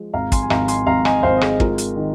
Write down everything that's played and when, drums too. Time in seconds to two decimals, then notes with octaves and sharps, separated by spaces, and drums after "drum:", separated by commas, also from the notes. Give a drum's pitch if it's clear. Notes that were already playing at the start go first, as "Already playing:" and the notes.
Already playing: F3 G#3
0.13 G#1 F5 A#5
0.32 G#5 C6, drum: kick, hi-hat
0.43 G#5
0.50 G#1 F5 A#5, drum: rim click
0.68 G#5 C6, drum: hi-hat
0.86 G#1 F5 A#5
1.05 D#5 G#5, drum: rim click
1.23 G#1 C5 F5
1.37 D#5
1.41 G#4 C5, drum: rim click
1.60 G#3 F4 A#4, drum: kick
1.78 drum: hi-hat
1.96 D#3